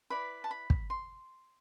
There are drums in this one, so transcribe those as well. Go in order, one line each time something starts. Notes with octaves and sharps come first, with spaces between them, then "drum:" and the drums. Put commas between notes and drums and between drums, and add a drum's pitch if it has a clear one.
E4 B4 D5 B5
A5
B5
drum: kick
C6